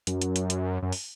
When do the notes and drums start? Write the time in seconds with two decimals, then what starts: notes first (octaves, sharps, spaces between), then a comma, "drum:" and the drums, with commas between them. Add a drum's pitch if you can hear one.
0.07 F#2, drum: hi-hat
0.22 drum: hi-hat
0.36 drum: hi-hat
0.50 drum: hi-hat
0.82 F#2
0.92 drum: open hi-hat